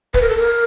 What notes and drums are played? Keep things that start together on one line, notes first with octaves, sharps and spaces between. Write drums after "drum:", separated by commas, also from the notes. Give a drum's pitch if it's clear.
B4, drum: kick
A#4
A4
A#4